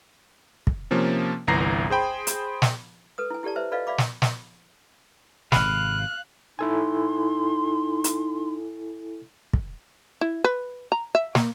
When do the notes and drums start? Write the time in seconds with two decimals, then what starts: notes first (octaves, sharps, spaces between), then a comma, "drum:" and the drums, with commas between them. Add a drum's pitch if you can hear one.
0.67 drum: kick
0.91 C3 F3 A#3 C#4
1.47 G1 C2 E3 A#5 A#6 C7
1.90 G#4 C5 G5 B5
2.27 drum: hi-hat
2.62 drum: snare
3.18 A4 B4 D#6
3.30 E4 G#5
3.43 E4 G4 A4 D5 A5
3.56 B4 C5 E5
3.72 F4 A4 B4 D5 D#5 F5
3.87 D5 E5 F5 B5 D6
3.98 drum: snare
4.22 drum: snare
5.52 G#1 C3 F5 B5 F#6, drum: snare
6.59 D#4 E4 A4 G#5 C6
8.04 drum: hi-hat
9.53 drum: kick
10.21 E4
10.44 B4
10.92 A#5
11.15 E5
11.35 A#3, drum: snare